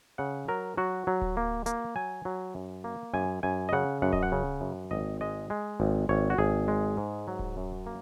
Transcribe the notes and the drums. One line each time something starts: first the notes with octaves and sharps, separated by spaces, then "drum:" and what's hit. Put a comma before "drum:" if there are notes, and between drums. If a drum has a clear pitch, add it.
C#3 F#5
F#3 A#4
F#3 F#4
F#3
drum: kick D1
A#3
A#3, drum: hi-hat
F#3 G#5
F#3
F#2
A#3
F#2 G#5
F#2 G#5
D#5
C#3 F#5
F#2 F#5
D#5, drum: kick D1
F#5
C#3
F#2
G#1 D#5
G#3 D#5
G#3
G#1
G#1 C#5
F#4
G#1 G#4
G#3
G#2
F#3
drum: kick D1
F#2
A#3